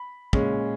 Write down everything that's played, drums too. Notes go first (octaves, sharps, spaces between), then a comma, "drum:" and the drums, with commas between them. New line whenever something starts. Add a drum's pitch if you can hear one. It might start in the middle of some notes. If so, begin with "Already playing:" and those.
Already playing: B5
A#2 G#3 C#4, drum: kick